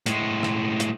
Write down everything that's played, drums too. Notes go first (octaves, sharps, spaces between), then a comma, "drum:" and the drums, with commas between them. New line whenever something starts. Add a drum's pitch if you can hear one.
A2 G#3, drum: hi-hat
drum: rim click
drum: hi-hat